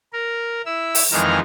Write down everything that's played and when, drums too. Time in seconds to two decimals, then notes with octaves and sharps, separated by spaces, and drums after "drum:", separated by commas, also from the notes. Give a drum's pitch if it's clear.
0.13 A#4
0.66 E4 E6
0.95 drum: open hi-hat
1.12 F2 D#3 E3 G#3 A#5 F6